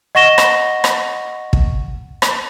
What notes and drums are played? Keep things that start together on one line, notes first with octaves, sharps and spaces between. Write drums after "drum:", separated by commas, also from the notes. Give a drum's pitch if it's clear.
D#5 F#5 C#6 A#6 E7 G7
drum: rim click
drum: rim click
drum: kick
drum: rim click